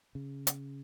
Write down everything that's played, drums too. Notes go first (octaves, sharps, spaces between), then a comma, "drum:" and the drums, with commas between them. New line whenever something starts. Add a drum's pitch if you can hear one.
C#3
drum: hi-hat